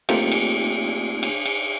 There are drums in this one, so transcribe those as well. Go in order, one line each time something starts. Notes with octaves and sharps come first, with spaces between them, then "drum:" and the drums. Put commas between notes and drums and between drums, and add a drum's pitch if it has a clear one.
A3 A#3 C4 D#4 F4 G4, drum: cymbal
drum: cymbal
drum: cymbal
drum: cymbal